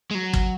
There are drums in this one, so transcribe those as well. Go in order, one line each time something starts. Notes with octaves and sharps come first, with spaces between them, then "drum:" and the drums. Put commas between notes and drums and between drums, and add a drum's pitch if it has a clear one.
G#3
F#3
drum: kick